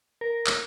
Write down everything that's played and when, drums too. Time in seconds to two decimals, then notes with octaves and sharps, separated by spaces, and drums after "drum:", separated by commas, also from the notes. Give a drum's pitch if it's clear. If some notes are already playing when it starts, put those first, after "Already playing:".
0.21 A#4
0.47 drum: clap